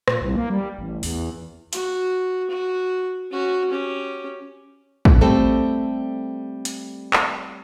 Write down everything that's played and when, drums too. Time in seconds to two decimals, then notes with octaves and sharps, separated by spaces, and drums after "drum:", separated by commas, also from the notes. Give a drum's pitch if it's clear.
0.08 A#2, drum: rim click
0.22 C2
0.36 A#3
0.50 G3
0.79 A1
1.03 E2, drum: open hi-hat
1.73 F#4, drum: hi-hat
2.50 F#4
3.31 C#4 F#4
3.70 C#4 G4
5.05 drum: kick
5.21 G3 A3 C4 A4
6.65 drum: hi-hat
7.13 drum: clap